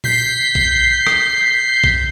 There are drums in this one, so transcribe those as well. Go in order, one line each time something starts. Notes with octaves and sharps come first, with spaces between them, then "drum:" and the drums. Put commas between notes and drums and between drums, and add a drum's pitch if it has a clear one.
G6 B6 C7, drum: tom A#2
drum: kick B1
drum: rim click
drum: kick B1